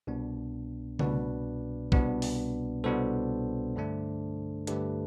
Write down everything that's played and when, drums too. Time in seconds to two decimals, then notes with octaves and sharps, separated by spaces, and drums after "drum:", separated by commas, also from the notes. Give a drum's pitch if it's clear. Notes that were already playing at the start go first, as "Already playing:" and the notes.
0.07 C2 B2 B3 D4
0.99 C2 B2 B3 D4 B4 D5, drum: tom C#3
1.92 C2 B2 B3 D4, drum: kick
2.22 drum: open hi-hat
2.84 C2 B2 B3 D4 A4 C5
3.76 G2 D3 A3 D4
4.67 G2 D3 A3 D4 G4 B4, drum: hi-hat